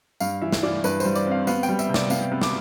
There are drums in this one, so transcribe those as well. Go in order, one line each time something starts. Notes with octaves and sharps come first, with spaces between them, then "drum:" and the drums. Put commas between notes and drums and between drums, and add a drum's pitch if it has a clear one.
G2 F5, drum: tambourine
E3 E5
drum: snare
E3 D5
G2 B4, drum: tambourine
C5, drum: tambourine
G3
D5, drum: tambourine
C4 F5
B3 F5, drum: tambourine
G5, drum: tambourine
G3
E5, drum: tambourine
C3
D5, drum: snare
B3 F5, drum: tambourine
B3
D6, drum: snare